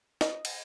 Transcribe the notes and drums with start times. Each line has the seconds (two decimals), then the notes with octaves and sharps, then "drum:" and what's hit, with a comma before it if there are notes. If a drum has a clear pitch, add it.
0.21 D#5, drum: snare
0.45 drum: cymbal